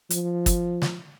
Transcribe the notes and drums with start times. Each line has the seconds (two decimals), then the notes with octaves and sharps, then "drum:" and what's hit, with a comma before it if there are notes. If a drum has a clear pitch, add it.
0.10 F3, drum: hi-hat
0.46 drum: kick, hi-hat
0.82 drum: snare